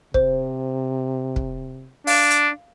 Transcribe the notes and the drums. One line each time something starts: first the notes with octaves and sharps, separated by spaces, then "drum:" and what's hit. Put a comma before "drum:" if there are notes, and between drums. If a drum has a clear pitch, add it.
C3 C5, drum: kick
drum: kick
D4 F5, drum: open hi-hat
drum: hi-hat